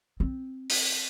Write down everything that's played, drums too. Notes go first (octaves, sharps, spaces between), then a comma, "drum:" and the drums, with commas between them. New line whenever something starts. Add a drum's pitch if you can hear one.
C4
drum: open hi-hat